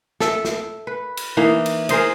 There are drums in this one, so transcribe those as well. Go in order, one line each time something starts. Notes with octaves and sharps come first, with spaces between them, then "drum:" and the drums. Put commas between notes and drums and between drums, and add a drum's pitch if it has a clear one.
A4 E5, drum: snare
drum: snare
B4
drum: cymbal
E3 A#3 D#4
drum: cymbal
G#4 A#4 C5 D#5, drum: cymbal